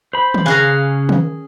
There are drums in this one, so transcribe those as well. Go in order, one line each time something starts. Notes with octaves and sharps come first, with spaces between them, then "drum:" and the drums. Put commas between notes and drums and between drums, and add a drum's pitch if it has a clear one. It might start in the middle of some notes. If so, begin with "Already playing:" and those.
C5 B5
drum: tom D#3
C#3 C#4 G#4 F5 A#5 F#6
drum: tom D#3